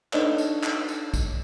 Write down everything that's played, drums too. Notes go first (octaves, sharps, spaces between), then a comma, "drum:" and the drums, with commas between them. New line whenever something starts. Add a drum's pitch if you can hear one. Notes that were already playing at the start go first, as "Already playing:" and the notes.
D4 D#4 A4 B4 C#5, drum: clap
drum: tambourine
drum: clap
drum: tambourine
drum: kick, tambourine